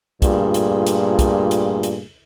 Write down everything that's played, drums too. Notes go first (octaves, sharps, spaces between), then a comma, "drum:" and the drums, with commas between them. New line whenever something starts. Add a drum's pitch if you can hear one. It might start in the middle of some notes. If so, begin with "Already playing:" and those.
G2 A#2 A3 F4 G#4, drum: kick, hi-hat
drum: hi-hat
drum: hi-hat
drum: kick, hi-hat
drum: hi-hat
drum: hi-hat